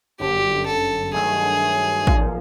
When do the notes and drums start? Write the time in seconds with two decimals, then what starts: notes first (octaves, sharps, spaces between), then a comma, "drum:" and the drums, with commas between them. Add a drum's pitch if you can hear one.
0.20 G1 F#2 D3 G4
0.66 A4
1.13 G2 D#3 F#3 A3 G#4
2.07 B1 A#2 F3, drum: kick